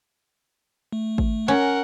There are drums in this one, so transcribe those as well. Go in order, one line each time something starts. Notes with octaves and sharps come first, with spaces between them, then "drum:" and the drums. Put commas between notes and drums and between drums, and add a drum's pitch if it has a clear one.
A3
drum: kick G#1
C#4 A#4 F#5